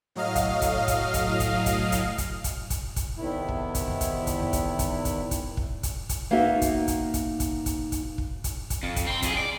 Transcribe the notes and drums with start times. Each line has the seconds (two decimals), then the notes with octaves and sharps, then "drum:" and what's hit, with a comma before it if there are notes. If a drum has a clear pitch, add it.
0.15 A2 F#3 D#5 F5 F6
0.35 drum: kick, hi-hat
0.62 drum: kick, hi-hat
0.88 drum: kick, hi-hat
1.14 drum: kick, hi-hat
1.40 drum: kick, hi-hat
1.66 drum: kick, hi-hat
1.92 drum: kick, hi-hat
2.18 drum: kick, hi-hat
2.44 drum: kick, hi-hat
2.70 drum: kick, hi-hat
2.96 drum: kick, hi-hat
3.17 E2 C3 D#3 E4
3.48 drum: kick
3.75 drum: kick, hi-hat
3.88 drum: tom D#2
4.01 drum: kick, hi-hat
4.27 drum: kick, hi-hat
4.40 drum: tom D#2
4.53 drum: kick, hi-hat
4.79 drum: kick, hi-hat
5.05 drum: kick, hi-hat
5.31 drum: kick, hi-hat
5.57 drum: kick
5.83 drum: kick, hi-hat
6.09 drum: kick, hi-hat
6.31 A#3 B3 D#4 F#4 E5
6.62 drum: kick, hi-hat
6.88 drum: kick, hi-hat
7.14 drum: kick, hi-hat
7.40 drum: kick, hi-hat
7.66 drum: kick, hi-hat
7.92 drum: kick, hi-hat
8.18 drum: kick
8.44 drum: kick, hi-hat
8.70 drum: kick, hi-hat
8.83 F2
8.96 drum: kick, hi-hat
9.07 C4 C6
9.22 F2 G#4, drum: kick, hi-hat
9.37 D5